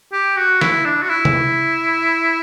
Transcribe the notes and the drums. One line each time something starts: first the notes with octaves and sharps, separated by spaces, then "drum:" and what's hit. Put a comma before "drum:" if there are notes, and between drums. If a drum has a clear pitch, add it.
G4
F#4
E4, drum: snare
D4
F#4
E4
drum: tom C3